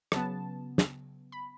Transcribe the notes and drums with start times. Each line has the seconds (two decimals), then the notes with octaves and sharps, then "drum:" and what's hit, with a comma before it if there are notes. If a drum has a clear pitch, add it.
0.12 C#3 F#3 B3 A5, drum: rim click
0.78 drum: snare
1.32 B5